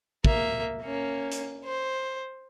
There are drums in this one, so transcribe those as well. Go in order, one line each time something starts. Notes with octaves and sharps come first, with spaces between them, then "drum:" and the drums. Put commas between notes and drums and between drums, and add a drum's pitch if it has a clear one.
A#3 E5, drum: kick
A#3 C#4
drum: hi-hat
C5